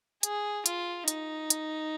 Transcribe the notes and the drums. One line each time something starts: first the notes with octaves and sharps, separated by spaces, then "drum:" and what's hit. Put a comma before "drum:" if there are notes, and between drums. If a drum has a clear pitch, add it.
G#4, drum: hi-hat
F4, drum: hi-hat
D#4, drum: hi-hat
drum: hi-hat